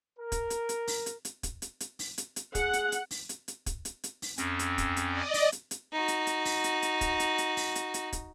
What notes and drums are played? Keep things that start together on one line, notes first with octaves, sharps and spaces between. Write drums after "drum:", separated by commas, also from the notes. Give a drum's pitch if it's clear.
A#4
drum: kick, hi-hat
drum: hi-hat
drum: hi-hat
drum: open hi-hat
drum: hi-hat
drum: hi-hat
drum: kick, hi-hat
drum: hi-hat
drum: hi-hat
drum: open hi-hat
drum: hi-hat
drum: hi-hat
G#4 F#5, drum: kick, hi-hat
drum: hi-hat
drum: hi-hat
drum: open hi-hat
drum: hi-hat
drum: hi-hat
drum: kick, hi-hat
drum: hi-hat
drum: hi-hat
drum: open hi-hat
F2 C4 C#4, drum: hi-hat
drum: hi-hat
drum: kick, hi-hat
drum: hi-hat
D5 D#5
drum: open hi-hat
drum: hi-hat
drum: hi-hat
D#4 F#4
drum: hi-hat
drum: hi-hat
drum: open hi-hat
drum: hi-hat
drum: hi-hat
drum: kick, hi-hat
drum: hi-hat
drum: hi-hat
drum: open hi-hat
drum: hi-hat
drum: hi-hat
drum: kick, hi-hat